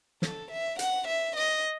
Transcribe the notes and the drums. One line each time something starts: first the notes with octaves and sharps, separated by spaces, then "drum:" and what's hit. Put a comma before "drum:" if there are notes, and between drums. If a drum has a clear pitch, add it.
A4, drum: snare
E5
F#5, drum: hi-hat
E5
D#5